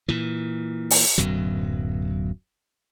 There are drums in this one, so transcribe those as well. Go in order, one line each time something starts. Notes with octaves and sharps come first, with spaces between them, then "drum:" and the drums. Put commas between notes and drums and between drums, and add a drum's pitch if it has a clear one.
A#2 E3
drum: open hi-hat
D1 F#2 B2 F#3